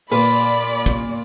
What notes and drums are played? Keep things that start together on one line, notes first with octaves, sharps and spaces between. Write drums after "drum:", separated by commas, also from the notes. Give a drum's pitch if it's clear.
A#2 B4 D5 B5, drum: open hi-hat
drum: kick